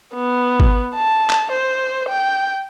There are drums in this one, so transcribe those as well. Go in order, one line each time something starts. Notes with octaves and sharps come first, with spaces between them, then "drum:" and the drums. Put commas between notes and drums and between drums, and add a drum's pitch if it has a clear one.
B3
drum: kick
A5
drum: clap
C5
G5